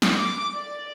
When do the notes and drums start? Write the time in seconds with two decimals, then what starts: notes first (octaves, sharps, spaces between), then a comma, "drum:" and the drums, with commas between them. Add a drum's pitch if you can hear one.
0.02 drum: snare
0.16 D6
0.55 D5